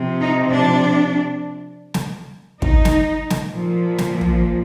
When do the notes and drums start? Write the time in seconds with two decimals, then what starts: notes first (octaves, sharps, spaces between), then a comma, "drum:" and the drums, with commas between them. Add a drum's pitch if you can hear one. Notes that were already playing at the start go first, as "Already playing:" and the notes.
Already playing: C3 F3
0.20 D#4
0.50 D4
1.94 drum: snare
2.62 D#4, drum: kick
2.85 drum: snare
3.30 drum: snare
3.53 A#2 F3
3.98 drum: snare
4.21 drum: tom